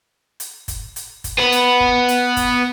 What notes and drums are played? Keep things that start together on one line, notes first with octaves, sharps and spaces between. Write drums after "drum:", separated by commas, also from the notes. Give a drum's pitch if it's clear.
drum: hi-hat
drum: kick F#1, hi-hat
drum: hi-hat
drum: kick F#1, hi-hat
B3 B4
drum: hi-hat
drum: kick F#1
drum: hi-hat
drum: kick F#1, hi-hat